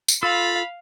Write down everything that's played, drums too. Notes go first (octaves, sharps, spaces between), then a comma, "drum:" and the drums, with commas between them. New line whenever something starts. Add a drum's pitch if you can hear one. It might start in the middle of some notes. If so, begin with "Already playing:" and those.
drum: tambourine
F4 A4 F5 B5 E6 A6